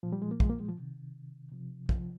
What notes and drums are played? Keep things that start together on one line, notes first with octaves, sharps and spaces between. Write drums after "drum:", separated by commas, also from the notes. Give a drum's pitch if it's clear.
A#2 F3
G3
G#3
A#3
G#3, drum: kick
A#3
G#3
F3
C3 D#3
C3 F3
F3, drum: kick